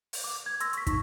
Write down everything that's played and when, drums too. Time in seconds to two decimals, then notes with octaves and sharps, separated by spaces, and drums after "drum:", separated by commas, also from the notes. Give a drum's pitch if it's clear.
0.13 drum: open hi-hat
0.24 D6
0.46 G#6
0.60 C6 E6 A#6, drum: hi-hat
0.73 C#6 B6, drum: hi-hat
0.87 D#4 C#6, drum: kick, hi-hat